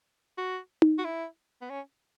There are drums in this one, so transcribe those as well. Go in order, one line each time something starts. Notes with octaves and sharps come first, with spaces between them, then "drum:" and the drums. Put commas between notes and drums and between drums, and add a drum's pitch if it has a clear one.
F#4
drum: tom D#4
F#4
E4
B3
C#4